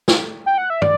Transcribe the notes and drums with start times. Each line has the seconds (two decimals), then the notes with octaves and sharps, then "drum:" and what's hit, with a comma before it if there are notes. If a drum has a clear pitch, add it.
0.08 drum: snare
0.46 G5
0.58 F#5
0.70 E5
0.82 D5, drum: tom